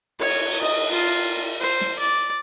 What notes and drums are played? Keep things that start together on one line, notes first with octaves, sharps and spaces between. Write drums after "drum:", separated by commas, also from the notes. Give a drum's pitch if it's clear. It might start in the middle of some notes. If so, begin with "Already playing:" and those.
C#5, drum: cymbal
D#5, drum: cymbal
F4
C5
drum: snare
D5